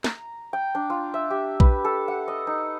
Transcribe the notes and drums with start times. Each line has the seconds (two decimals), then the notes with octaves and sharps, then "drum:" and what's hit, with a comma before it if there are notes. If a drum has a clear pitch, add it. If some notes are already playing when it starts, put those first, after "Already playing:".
0.04 A#5, drum: snare
0.53 G5
0.75 D4
0.90 F4
1.14 E5
1.30 G4
1.60 B4, drum: kick A#1
1.85 A4
2.08 F#5
2.28 D#5
2.47 D#4